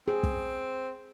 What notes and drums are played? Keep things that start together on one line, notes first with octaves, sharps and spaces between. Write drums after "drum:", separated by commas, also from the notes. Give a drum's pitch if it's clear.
C4 G#4
drum: kick